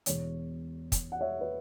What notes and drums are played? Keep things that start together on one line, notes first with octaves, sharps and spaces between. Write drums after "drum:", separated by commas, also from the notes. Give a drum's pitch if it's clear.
E1 E2 B2 C#5, drum: hi-hat
drum: kick, hi-hat
F#5
C#5 E5
B4